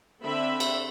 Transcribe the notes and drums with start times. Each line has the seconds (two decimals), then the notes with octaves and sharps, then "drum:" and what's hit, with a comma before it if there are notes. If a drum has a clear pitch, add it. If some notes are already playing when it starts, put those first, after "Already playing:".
0.23 D3 C4 E5 B5
0.60 drum: cymbal